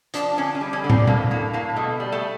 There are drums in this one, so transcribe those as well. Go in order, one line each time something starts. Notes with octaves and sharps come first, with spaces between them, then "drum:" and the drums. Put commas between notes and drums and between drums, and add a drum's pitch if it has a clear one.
F3 D4, drum: hi-hat
D3 C#4
C#4
G3
C#4
D3
C4, drum: tom
A2 A#3, drum: tom A#2
A2 A#3
A2 A#3
B2 A3
G3
A3